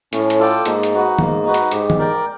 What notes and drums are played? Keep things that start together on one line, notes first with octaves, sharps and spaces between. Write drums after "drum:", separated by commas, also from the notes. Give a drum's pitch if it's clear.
A2 C#4, drum: hi-hat
drum: hi-hat
F4 A4 D5 G5
G#2 A#3, drum: hi-hat
drum: hi-hat
D#4 F#4 B4
G#2 A#3, drum: tom D#3
D#4 F#4 B4
drum: hi-hat
G#2 G4, drum: hi-hat
drum: tom D#3
A#4 D5 G5